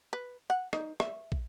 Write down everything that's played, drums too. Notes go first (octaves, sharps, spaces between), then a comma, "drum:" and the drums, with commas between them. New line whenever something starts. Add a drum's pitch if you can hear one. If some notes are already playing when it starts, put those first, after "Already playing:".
B4
F#5
D#4, drum: rim click
E5, drum: rim click
drum: kick